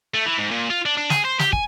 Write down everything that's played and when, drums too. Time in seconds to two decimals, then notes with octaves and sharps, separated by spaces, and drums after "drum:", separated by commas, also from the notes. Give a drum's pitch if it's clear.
0.14 A3
0.26 E3
0.38 G#2
0.51 A#2
0.70 F4
0.86 D4
0.98 D4
1.10 G#4, drum: snare
1.25 C5
1.39 G4, drum: snare
1.53 G#5, drum: kick